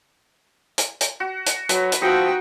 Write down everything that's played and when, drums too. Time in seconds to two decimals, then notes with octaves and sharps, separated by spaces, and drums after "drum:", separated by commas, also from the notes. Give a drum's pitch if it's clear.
0.78 drum: hi-hat
1.01 drum: hi-hat
1.20 F#4
1.46 drum: hi-hat
1.69 F#3 B4, drum: hi-hat
1.92 drum: hi-hat
2.02 F3 D#4 F#4 G5 D#6 E6